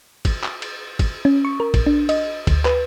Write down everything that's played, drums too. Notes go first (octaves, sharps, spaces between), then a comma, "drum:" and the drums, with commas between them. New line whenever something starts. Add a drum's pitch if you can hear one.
drum: kick, cymbal
drum: clap
drum: cymbal
drum: kick, cymbal
C#4
C#6
A#4
A#1, drum: kick, cymbal
D4
D#5, drum: cymbal
D2, drum: kick, cymbal
B4, drum: clap